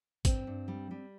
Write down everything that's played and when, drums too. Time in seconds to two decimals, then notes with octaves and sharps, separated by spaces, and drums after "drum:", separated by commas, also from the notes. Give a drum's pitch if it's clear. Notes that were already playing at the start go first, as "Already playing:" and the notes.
0.25 G2 C4, drum: kick G#1, hi-hat
0.47 G2
0.68 G3
0.91 G3